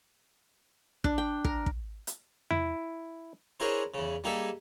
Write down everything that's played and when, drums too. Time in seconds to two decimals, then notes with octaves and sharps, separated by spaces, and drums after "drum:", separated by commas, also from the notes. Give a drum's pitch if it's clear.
1.04 D4, drum: kick
1.18 G5
1.44 A#4, drum: kick
1.66 drum: kick
2.07 drum: hi-hat
2.51 E4, drum: tom E2
3.60 C#4 D4 E4 G#4 A#4 C5
3.94 E2 C#3
4.24 G3 A#3 D#4 G#4 A4 E5